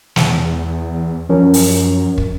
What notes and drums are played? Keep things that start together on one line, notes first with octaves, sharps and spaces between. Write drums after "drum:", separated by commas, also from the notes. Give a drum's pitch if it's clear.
E2, drum: snare
F#2 F3 C#4 A#4
drum: open hi-hat
drum: kick